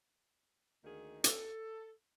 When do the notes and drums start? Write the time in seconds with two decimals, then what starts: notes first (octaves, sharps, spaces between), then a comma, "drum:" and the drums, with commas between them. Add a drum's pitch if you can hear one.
0.84 D2 D#3 A#3 D#4 G#4
1.24 A4, drum: hi-hat